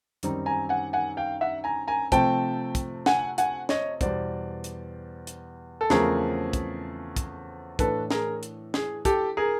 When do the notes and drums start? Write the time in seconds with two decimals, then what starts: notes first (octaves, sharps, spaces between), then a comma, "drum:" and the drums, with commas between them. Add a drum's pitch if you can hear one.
0.23 F#2 D#3 G3 C4 D#4, drum: hi-hat
0.46 G#5 A#5
0.69 F#5 G#5
0.93 F#5 G#5
1.17 F5 G5
1.41 E5 F#5
1.64 G#5 A#5
1.88 G#5 A#5
2.12 C3 F3 A3 C4 G5 A5, drum: kick, hi-hat
2.75 drum: kick, hi-hat
3.06 F#5 G#5, drum: snare
3.38 F#5 G#5, drum: hi-hat
3.69 C#5 D#5, drum: snare
4.01 E2 B2 G3 C5 D5, drum: kick, hi-hat
4.64 drum: hi-hat
5.27 drum: hi-hat
5.81 A4
5.90 E2 C#3 F3 A3 C4 G#4 A#4, drum: snare
6.53 drum: kick, hi-hat
7.16 drum: kick, hi-hat
7.79 A2 E3 A3 D4 A4 B4, drum: kick, hi-hat
8.11 G#4 A#4, drum: snare
8.43 drum: hi-hat
8.74 G#4, drum: snare
9.05 G4 A4, drum: kick, hi-hat
9.37 G#4 A#4